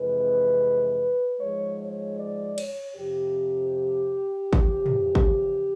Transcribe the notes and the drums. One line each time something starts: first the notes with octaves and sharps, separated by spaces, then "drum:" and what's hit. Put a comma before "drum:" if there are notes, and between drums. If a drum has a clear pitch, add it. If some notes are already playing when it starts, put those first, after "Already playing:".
Already playing: F2 C3 E3 G#3 B4
G#2 F3 G#3 C#5
C#5
D5
C#5, drum: cymbal
F2 C3 F3 G4
E2 C#3 F3, drum: kick G#1
drum: tom
drum: kick G#1